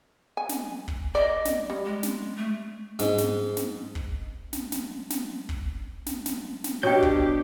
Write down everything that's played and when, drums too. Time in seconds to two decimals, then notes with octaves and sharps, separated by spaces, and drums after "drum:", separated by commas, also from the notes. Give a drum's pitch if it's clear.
0.37 G#5
0.49 drum: snare
0.88 drum: kick
1.15 D5 D#5
1.45 drum: snare
1.70 G3
1.85 G#3
2.03 drum: snare
2.37 A3
2.99 G#2, drum: snare
3.18 drum: snare
3.57 drum: snare
3.95 drum: kick
4.53 drum: snare
4.72 drum: snare
5.10 drum: snare
5.49 drum: kick
6.06 drum: snare
6.26 drum: snare
6.64 drum: snare
6.83 B2 D4 G4 C#5 G5 G6
7.03 drum: kick